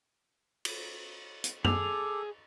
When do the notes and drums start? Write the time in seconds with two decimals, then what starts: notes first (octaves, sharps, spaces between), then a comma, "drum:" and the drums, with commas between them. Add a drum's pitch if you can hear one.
0.65 drum: cymbal
1.44 drum: hi-hat
1.65 G#4 A4 D6 F7, drum: tom F#2